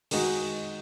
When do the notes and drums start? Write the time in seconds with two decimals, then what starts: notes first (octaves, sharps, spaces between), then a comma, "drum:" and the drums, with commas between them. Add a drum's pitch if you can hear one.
0.11 D#3 G#3 D#4 F#4, drum: open hi-hat